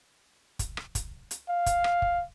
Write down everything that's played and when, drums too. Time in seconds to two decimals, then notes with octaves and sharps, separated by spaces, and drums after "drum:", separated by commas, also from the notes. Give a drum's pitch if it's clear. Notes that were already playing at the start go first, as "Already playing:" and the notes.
0.59 drum: kick, hi-hat
0.77 drum: rim click
0.95 drum: kick, hi-hat
1.31 drum: hi-hat
1.49 F5
1.66 drum: kick, hi-hat
1.84 drum: rim click
2.02 drum: kick